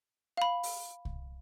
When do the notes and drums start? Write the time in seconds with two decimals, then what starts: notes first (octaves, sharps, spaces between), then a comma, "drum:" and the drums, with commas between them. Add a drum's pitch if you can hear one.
0.37 F5 B5
0.63 drum: open hi-hat
1.05 drum: kick C2